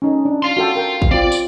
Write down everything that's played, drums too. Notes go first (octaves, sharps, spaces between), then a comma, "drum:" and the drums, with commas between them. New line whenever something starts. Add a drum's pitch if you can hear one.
C#4 D#4 A4
D4
F5 C6
F#4 A4 G5
A#4 G5
drum: kick
C4 F4 D5
drum: tambourine